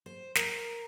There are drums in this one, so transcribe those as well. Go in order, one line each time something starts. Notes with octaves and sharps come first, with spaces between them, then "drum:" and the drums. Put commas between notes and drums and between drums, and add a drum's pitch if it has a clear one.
C5
A#4, drum: snare